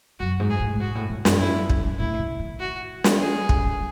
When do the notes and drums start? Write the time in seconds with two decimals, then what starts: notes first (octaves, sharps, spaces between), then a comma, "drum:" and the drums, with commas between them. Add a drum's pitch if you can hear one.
0.19 F#2 F#4
0.40 G#2
0.50 G#4
0.60 A2
0.80 G#2 F#4
0.95 A2
1.10 A2
1.25 F#2, drum: snare
1.39 E4
1.70 drum: kick
1.99 A2 E4
2.19 C#3
2.39 D#3
2.60 F#4
3.04 drum: snare
3.20 G#4
3.49 drum: kick